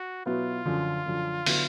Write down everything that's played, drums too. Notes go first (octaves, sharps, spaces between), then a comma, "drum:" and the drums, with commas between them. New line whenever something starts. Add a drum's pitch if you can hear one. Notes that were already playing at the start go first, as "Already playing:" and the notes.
Already playing: F#4
B2 F#3 B3 E4 F4
F#2 D3 F3
F#2 D3 F3
D3 F#3 B3 E4, drum: open hi-hat